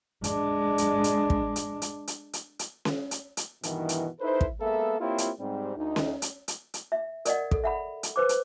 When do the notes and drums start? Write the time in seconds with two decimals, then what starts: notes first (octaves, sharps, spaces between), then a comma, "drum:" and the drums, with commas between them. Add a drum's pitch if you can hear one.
0.24 G#3 D4, drum: hi-hat
0.78 drum: hi-hat
1.04 drum: hi-hat
1.30 drum: kick
1.56 drum: hi-hat
1.82 drum: hi-hat
2.08 drum: hi-hat
2.33 drum: hi-hat
2.59 drum: hi-hat
2.85 drum: snare C#4
3.11 drum: hi-hat
3.37 drum: hi-hat
3.63 G2 B2 D#3 E3, drum: hi-hat
3.89 drum: hi-hat
4.21 D#4 E4 A4 B4 C5
4.41 drum: kick
4.60 G#3 A#3 B3 A4 A#4 E5
5.00 A#3 C4 E4 F4 G4 C#5
5.18 drum: hi-hat
5.39 G#2 G3 C4
5.77 D2 D#4
5.96 drum: snare C#4
6.22 drum: hi-hat
6.48 drum: hi-hat
6.74 drum: hi-hat
6.92 E5
7.25 A#4 D5 D#5 F#5, drum: hi-hat
7.51 A4, drum: kick
7.64 E5 F#5 B5
8.03 drum: hi-hat
8.16 B4 C5 D6
8.29 drum: hi-hat